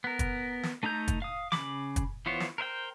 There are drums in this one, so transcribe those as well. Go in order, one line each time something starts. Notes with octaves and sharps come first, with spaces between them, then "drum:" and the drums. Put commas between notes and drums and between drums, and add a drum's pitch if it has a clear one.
B3 A#4
drum: kick, hi-hat
drum: snare
A3 D#4 A4 A#5 G6
drum: kick, hi-hat
F5 D#6
C#3 A#3 B5 D6, drum: snare
drum: kick, hi-hat
E3 B3 F4 C5 C#5
drum: snare
A#4 C5 E5 G5